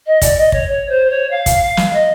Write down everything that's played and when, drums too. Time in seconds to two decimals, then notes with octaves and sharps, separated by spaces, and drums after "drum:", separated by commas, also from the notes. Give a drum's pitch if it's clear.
0.06 D#5
0.22 D5, drum: kick, hi-hat
0.37 D#5
0.52 C#5, drum: kick
0.68 C#5
0.89 C5
1.10 C#5
1.30 F5
1.46 drum: kick, hi-hat
1.62 F5
1.77 drum: snare
1.93 D#5